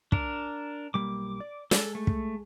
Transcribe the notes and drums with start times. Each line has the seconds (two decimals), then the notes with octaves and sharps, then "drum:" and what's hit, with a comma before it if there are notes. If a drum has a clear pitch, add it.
0.12 D4 A#4, drum: kick
0.94 B1 G3 A#3 D6
1.40 D5
1.71 G#3 A4, drum: snare
1.95 A3
2.07 drum: kick